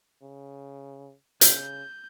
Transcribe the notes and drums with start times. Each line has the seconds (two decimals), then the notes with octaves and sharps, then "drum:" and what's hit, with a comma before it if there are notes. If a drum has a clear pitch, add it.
0.22 C#3
1.41 C#3 G6, drum: hi-hat